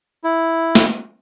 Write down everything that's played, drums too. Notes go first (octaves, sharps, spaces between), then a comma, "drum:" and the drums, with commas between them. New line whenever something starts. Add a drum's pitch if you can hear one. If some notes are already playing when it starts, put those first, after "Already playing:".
E4
drum: snare